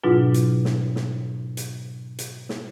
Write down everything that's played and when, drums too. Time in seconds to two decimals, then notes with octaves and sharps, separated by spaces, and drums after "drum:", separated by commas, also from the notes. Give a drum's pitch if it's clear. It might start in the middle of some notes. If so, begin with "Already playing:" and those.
0.04 G#2 B2 F#3 D4 E4 F4
0.34 drum: hi-hat
0.65 drum: snare
0.96 drum: snare
1.57 drum: hi-hat
2.19 drum: hi-hat
2.49 drum: snare